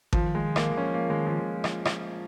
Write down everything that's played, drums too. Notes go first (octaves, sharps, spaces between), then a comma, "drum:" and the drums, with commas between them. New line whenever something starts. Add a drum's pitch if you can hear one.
D#3 F3, drum: kick G#1
G#3
A#3, drum: rim click
F3 C#4
A#3
D#3 G#3
F3
drum: rim click
drum: rim click